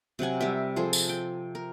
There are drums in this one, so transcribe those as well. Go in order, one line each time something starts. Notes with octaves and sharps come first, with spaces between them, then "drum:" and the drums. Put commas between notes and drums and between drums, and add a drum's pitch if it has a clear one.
C3 F#3 F#5 G#5
G3 A#4 E5
F3 G#4 A4 C5
drum: tambourine
G5
A#4